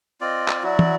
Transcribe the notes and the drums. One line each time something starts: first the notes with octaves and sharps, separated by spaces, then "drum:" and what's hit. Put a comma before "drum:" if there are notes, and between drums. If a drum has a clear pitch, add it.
C4 F4 D5 D#5
drum: clap
F#3 E4 F#4 D5
drum: tom